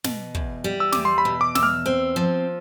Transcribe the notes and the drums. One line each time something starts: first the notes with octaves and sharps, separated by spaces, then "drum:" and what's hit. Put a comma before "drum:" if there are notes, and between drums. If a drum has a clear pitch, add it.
B2, drum: snare
E2, drum: kick
G3
E6
E2 D6, drum: snare
C6
B5
B2
D6
E2 E6, drum: snare
F6
C4
F3